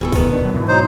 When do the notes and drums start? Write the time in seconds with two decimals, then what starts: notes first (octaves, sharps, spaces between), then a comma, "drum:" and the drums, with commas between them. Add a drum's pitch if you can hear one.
0.01 D1 B2 G#4 A4
0.12 D#1 D#3 B3, drum: kick, open hi-hat
0.29 B2 D4
0.41 B2 F#3
0.54 G#2 B2 E3
0.68 F#3 D#4 C5